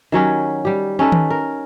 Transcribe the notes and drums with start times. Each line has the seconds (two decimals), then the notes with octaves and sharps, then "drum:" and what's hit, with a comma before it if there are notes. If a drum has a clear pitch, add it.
0.12 D#3 F#3 C#4 G4
0.65 G3 G4
0.99 C#4 D#4 A4 B4
1.12 drum: tom D#3
1.30 A#4